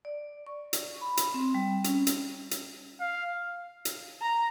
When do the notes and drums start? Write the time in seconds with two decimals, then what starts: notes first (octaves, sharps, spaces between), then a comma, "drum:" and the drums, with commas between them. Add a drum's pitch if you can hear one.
0.05 D5
0.47 C#6
0.73 drum: hi-hat
1.01 B5
1.17 drum: hi-hat
1.34 C4
1.55 G3
1.84 C#4, drum: hi-hat
2.07 drum: hi-hat
2.51 drum: hi-hat
3.00 F5
3.85 drum: hi-hat
4.22 A#5